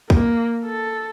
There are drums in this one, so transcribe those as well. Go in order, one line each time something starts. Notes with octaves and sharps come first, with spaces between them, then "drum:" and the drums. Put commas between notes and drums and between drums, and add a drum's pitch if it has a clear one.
A#3, drum: kick
A4